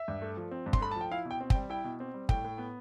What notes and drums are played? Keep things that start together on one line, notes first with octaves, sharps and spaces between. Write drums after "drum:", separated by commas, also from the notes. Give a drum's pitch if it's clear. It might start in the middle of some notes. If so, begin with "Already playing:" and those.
Already playing: E5
G2
A3
F3
C4
G2
C6, drum: kick
A3 B5
F3 A5
G5
E4 F5
B2
G5
C4
G5, drum: kick
G3
E4 G5
B2
C4
G3
A2 G5, drum: kick
A2
B3